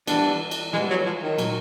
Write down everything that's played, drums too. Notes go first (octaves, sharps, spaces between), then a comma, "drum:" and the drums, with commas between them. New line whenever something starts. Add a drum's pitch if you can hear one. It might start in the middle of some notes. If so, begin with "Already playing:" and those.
E3 G3 B3 D4, drum: cymbal
drum: cymbal
E3 G3 G#3 B3
F#3
F3
D#3
A#2 F#3 A#3, drum: cymbal